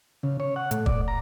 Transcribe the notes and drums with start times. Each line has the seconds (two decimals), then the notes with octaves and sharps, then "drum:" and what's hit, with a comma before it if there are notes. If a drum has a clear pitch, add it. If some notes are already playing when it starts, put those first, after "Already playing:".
0.23 C#3
0.40 C#5
0.56 F#5
0.71 A2, drum: hi-hat
0.86 D5, drum: kick
1.08 A#5